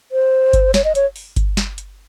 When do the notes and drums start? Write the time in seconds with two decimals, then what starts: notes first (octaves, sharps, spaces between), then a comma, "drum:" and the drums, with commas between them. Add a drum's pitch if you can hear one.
0.12 C5
0.53 drum: kick G1, hi-hat
0.74 C#5, drum: snare
0.84 D#5
0.95 C#5, drum: hi-hat
1.16 drum: open hi-hat
1.36 drum: kick G1, hi-hat
1.57 drum: snare
1.78 drum: hi-hat